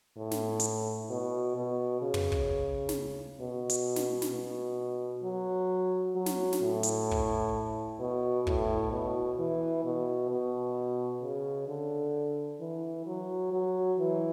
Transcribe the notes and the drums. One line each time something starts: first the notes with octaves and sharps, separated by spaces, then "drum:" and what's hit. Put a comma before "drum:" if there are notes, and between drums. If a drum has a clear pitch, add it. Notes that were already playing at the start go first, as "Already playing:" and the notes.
A2
drum: snare
drum: hi-hat
B2
B2
C#3
drum: tom
drum: kick
drum: snare
B2
drum: hi-hat
drum: snare
drum: snare
B2
F#3
F#3
drum: snare
drum: snare
A2
drum: hi-hat
drum: kick
B2
A2, drum: kick
B2
E3
B2
B2
C#3
D3
E3
F#3
F#3
E3